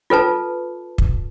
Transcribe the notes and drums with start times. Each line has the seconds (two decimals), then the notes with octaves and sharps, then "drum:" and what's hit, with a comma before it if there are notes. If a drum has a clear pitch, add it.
0.10 F4 A4 B4 A5
0.98 drum: kick